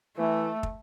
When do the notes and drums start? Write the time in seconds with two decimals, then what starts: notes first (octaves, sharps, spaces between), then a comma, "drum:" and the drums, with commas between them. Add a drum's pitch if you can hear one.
0.17 E3 A3
0.63 drum: kick